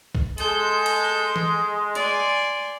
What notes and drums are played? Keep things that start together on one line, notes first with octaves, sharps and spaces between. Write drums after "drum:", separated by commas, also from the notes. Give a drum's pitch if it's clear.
drum: kick
G#3 A4 G6, drum: hi-hat
drum: cymbal
drum: tom E3
D5 G#5 C6, drum: hi-hat